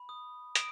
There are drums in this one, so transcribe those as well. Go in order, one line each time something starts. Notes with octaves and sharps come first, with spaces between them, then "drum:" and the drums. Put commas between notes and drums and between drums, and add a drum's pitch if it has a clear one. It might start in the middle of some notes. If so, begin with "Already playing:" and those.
Already playing: B5
D#6
D#6 D7, drum: hi-hat